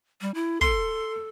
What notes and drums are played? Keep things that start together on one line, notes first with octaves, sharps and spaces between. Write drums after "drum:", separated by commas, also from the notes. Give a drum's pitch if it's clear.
G3
E4
A4 C6, drum: kick